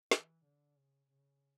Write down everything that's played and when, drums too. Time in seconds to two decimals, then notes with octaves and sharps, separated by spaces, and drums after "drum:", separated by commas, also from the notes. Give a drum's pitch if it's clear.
0.11 E3, drum: snare
0.45 D3
0.77 C#3
1.11 C#3